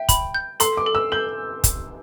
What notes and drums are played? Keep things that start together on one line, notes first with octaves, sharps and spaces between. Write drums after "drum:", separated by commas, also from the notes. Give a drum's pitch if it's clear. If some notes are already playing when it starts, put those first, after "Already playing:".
Already playing: E5 G5
B5, drum: kick, hi-hat
G6
A4 C6, drum: hi-hat
D6
A4
E6
A4 G6
drum: kick, hi-hat